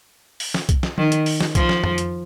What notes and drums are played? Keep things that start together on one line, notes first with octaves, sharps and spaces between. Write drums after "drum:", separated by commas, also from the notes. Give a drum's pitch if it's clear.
drum: open hi-hat
drum: snare
drum: kick B1, hi-hat
drum: snare
D#3, drum: tom F3
drum: hi-hat
drum: open hi-hat
drum: snare
F3, drum: kick B1, hi-hat
drum: snare
drum: tom F2
drum: hi-hat